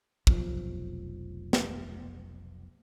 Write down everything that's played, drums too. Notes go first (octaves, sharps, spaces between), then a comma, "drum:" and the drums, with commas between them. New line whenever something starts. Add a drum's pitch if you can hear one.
F1 B1 F3, drum: kick
drum: snare